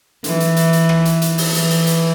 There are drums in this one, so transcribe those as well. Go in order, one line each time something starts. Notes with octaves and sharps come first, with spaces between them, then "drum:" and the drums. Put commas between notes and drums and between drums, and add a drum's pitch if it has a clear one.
E3, drum: hi-hat
drum: hi-hat
drum: hi-hat
drum: hi-hat
drum: rim click
drum: hi-hat
drum: hi-hat
drum: open hi-hat
E3, drum: hi-hat
drum: hi-hat
drum: hi-hat